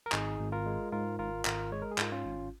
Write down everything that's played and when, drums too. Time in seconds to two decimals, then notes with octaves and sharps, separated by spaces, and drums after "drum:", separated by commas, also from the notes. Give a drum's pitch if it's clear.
0.06 A#4
0.12 G#1 D#4 G#4, drum: clap
0.39 G#1
0.52 F4 A#4
0.66 G#3
0.92 G#2 F4 A#4
1.19 G#1 F4 A#4
1.45 G#1 F4 A#4, drum: clap
1.72 G#3 C#5
1.82 A#4
1.91 G#4
1.98 G#2 F4 A#4, drum: clap
2.12 C#4 F4
2.25 G#1